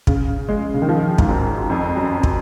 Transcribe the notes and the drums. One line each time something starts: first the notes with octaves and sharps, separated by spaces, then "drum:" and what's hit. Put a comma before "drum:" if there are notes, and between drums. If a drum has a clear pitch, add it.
C#3, drum: kick
G#3
C#3
D#3
F3
G#2, drum: kick
F#2
F2
F#2
drum: kick